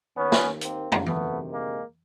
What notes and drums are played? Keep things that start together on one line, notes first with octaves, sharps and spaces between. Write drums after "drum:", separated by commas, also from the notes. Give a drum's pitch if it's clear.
D#2 D#3 B3 C#4
drum: snare
A#3 C4, drum: hi-hat
drum: tom
D2 C3 D#3 A3 B3, drum: tom E3
G#3 A#3